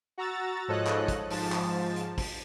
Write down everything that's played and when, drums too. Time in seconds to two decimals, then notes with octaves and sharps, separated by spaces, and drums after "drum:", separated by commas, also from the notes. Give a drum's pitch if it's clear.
0.18 F#4 A#5 E6 A6
0.68 G#2 F3 A4 C#5 D#5 F#6
0.87 drum: clap
1.08 drum: kick, hi-hat
1.30 G#2 F3 A5, drum: open hi-hat
1.52 drum: clap
1.96 drum: hi-hat
2.18 drum: kick, open hi-hat